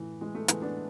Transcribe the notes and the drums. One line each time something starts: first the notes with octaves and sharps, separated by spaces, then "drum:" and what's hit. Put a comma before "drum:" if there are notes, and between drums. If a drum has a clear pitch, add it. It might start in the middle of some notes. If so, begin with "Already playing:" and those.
Already playing: A2 E3
E3 G#3
A3
E3 G#3 B3, drum: hi-hat
B3 D4